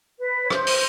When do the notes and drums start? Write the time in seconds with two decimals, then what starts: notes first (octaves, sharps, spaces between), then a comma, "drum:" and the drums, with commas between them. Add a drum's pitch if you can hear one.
0.18 B4
0.43 C#5
0.50 C5, drum: rim click
0.67 drum: open hi-hat